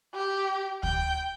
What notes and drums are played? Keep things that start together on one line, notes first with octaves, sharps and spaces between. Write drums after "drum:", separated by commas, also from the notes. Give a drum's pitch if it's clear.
G4
G5, drum: kick D2